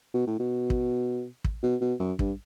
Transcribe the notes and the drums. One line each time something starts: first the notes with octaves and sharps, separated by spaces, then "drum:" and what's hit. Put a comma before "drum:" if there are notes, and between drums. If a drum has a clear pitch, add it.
B2
A2
B2
drum: kick
drum: kick
B2
B2
F#2
G2, drum: kick